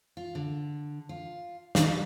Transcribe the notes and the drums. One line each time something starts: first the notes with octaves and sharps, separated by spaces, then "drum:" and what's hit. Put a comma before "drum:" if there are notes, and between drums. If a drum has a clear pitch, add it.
F4
D3
F4
D#3 F#3 F5, drum: snare